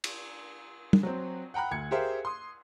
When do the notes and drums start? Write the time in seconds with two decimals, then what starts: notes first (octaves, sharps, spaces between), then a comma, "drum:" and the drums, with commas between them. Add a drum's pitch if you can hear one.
0.04 drum: cymbal
0.93 drum: tom
1.03 F#3 C4
1.54 F#5 G5 A#5 B5 F#6
1.71 D2 G#6 C#7
1.91 G4 G#4 A#4 C5 E5 F5
2.25 C6 D#6